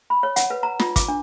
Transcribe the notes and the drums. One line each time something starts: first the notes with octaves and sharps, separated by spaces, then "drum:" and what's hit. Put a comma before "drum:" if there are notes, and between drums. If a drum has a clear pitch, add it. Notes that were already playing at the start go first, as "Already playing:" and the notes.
B5
C#5
F#5, drum: hi-hat
B4
A#5
F4, drum: snare
D6, drum: kick, hi-hat
D4